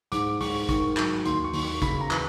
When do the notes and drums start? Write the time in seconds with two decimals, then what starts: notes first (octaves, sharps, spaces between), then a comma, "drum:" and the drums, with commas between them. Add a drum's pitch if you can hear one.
0.12 G#2 D6, drum: hi-hat
0.40 G#2 C#6, drum: open hi-hat
0.69 D#3 C#6, drum: kick, hi-hat
0.97 F#3, drum: clap
1.25 D#2 C6, drum: hi-hat
1.44 C#6
1.53 D#2, drum: open hi-hat
1.63 C#6
1.82 C#3 B5, drum: kick, hi-hat
2.01 A#5
2.10 E3, drum: clap